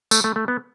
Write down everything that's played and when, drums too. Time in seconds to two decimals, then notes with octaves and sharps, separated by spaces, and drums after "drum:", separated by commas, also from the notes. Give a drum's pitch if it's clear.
0.11 A3, drum: tambourine
0.24 A3
0.36 A3
0.48 B3